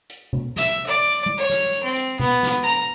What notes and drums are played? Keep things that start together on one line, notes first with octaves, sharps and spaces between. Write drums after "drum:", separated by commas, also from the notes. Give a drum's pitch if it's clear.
drum: hi-hat
drum: tom B2
E5, drum: snare
D5
drum: hi-hat
drum: tom G3
C#5
drum: snare
drum: hi-hat
C4
drum: hi-hat
B3, drum: tom B2
drum: snare
A#5